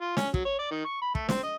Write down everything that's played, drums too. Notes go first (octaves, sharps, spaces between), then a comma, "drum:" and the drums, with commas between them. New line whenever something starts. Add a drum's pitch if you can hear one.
F4
C#4, drum: snare
F#3, drum: kick
C#5
D5
D#3
C#6
B5
A3, drum: kick
C4, drum: snare
D#5